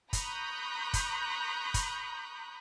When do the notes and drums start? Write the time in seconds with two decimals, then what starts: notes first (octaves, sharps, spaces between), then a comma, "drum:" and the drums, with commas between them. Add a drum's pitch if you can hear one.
0.13 A#5 B5 C#6 D#6 F#6 G6, drum: kick, hi-hat
0.94 drum: kick, hi-hat
1.74 drum: kick, hi-hat